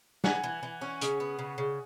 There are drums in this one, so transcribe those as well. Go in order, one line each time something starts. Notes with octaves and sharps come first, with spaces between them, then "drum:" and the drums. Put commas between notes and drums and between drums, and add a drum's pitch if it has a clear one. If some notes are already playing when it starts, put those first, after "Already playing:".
E3 F#5 G#5, drum: snare
E3
E3
C#4
C#3, drum: hi-hat
B3
C#3
C#3